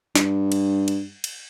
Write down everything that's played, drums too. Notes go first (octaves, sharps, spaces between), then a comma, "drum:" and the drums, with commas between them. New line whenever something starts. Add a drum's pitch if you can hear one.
G2, drum: snare
drum: cymbal
drum: cymbal
drum: cymbal